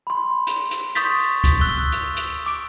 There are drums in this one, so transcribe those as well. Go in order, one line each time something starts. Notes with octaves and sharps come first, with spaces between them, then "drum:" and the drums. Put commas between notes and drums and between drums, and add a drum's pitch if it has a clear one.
B5 C6
drum: hi-hat
drum: hi-hat
C6 C#6 D#6 G6 A6 B6, drum: hi-hat
drum: open hi-hat
drum: kick C#2, hi-hat
E6 F#6 G7
drum: hi-hat
drum: hi-hat
D6 D7